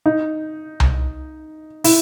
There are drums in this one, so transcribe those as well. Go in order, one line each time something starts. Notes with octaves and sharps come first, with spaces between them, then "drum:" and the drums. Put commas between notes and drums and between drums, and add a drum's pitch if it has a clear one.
D#4
drum: tom C2
E4, drum: open hi-hat